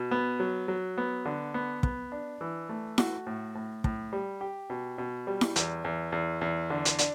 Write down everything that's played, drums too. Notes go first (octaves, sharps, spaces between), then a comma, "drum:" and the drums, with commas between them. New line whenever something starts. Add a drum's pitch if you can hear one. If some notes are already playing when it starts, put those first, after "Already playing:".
Already playing: B2
B3
F#3
F#3
B3
D3
B3
B3, drum: kick
D4
E3
A3
F#4, drum: snare E4
A2
A2
A2, drum: kick
G3
G4
B2
B2
G3
drum: snare E4
E2, drum: hi-hat
E2
E2
E2
D3
drum: hi-hat
D4, drum: hi-hat